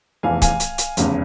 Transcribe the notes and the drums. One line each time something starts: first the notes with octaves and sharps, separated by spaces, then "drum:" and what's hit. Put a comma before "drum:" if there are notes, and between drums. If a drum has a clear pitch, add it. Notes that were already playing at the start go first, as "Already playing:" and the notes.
F1 E2 E3 F5 G#5
F5 G#5, drum: kick C#1, hi-hat
drum: hi-hat
drum: hi-hat
F1 E2 C#3, drum: hi-hat